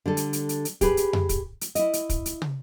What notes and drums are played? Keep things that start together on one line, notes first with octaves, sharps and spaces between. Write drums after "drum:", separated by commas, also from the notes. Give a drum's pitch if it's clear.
D3 G3 A4
drum: hi-hat
drum: hi-hat
drum: hi-hat
drum: hi-hat
G4 G#4 B4, drum: kick, hi-hat
drum: hi-hat
drum: tom F2
drum: kick, hi-hat
drum: hi-hat
E4 D#5, drum: hi-hat
drum: hi-hat
drum: kick, hi-hat
drum: hi-hat
drum: tom